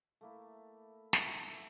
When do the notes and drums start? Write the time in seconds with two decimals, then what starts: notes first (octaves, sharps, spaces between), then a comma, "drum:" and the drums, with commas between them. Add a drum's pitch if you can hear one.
0.21 A3 A#3 E4
1.13 D#4 E5 A5 B5, drum: snare